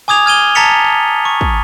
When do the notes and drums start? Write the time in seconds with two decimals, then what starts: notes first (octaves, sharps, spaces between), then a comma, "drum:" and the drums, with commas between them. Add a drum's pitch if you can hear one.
0.08 G#5 D6 D#6 G#6 F7
0.26 F6 G#6 D#7 G7
0.55 A5 A#5 A6 B6 C#7 F7
1.25 C#6
1.41 drum: kick